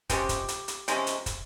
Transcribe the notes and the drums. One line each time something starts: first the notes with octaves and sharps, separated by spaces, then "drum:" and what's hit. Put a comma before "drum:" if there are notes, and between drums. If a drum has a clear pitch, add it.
C3 F3 G#3 C#4 G4, drum: kick, hi-hat
drum: kick, hi-hat
drum: hi-hat
drum: hi-hat
C3 F3 G#3 C#4, drum: hi-hat
drum: hi-hat
drum: kick, hi-hat